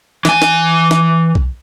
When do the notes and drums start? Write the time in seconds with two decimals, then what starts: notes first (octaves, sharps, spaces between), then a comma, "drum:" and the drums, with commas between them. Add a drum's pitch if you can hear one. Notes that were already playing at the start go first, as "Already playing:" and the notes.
0.25 E3 G#5, drum: snare
0.42 drum: snare
0.91 drum: snare
1.35 drum: kick B1